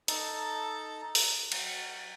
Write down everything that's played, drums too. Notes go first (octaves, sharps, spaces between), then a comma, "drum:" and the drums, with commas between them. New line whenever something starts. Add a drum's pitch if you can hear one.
D#4 A4 A5 A#5, drum: hi-hat
drum: open hi-hat
F#3, drum: cymbal